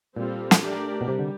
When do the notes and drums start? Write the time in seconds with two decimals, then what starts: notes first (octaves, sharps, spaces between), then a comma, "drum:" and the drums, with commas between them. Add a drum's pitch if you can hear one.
0.16 A#2 G3 C4 F4 A4
0.51 drum: snare
0.62 A3 D4 G4 A#4 D5
1.01 B2
1.07 C3 G3
1.19 D3